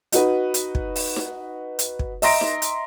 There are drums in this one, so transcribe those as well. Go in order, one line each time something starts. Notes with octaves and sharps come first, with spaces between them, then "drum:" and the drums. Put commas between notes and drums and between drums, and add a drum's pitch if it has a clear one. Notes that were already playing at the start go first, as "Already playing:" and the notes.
D#4 F#4 B4, drum: hi-hat
drum: hi-hat
drum: kick
drum: open hi-hat
drum: snare D#4
drum: hi-hat
drum: kick
D#5 E5 A#5 C6 A#6 D7, drum: open hi-hat
drum: snare D#4
drum: hi-hat